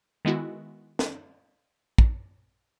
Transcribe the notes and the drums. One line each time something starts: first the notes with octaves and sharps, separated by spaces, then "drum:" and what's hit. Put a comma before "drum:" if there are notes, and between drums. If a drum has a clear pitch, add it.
D#3 G#3 B3 E4 F#4
drum: snare
drum: kick